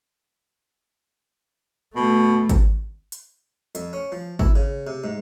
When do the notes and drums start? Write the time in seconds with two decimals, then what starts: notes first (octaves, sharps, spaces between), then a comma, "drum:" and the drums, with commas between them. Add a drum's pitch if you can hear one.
1.95 B2 A3
2.49 drum: kick G#1, hi-hat
3.12 drum: hi-hat
3.75 F2, drum: hi-hat
3.93 C#4
4.12 F3
4.39 E4, drum: kick G#1
4.56 C#3
4.87 C3
5.04 G#2